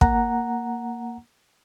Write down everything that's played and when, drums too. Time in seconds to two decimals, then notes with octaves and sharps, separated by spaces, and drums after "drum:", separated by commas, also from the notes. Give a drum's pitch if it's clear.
0.01 A#3 F#5 A#5, drum: kick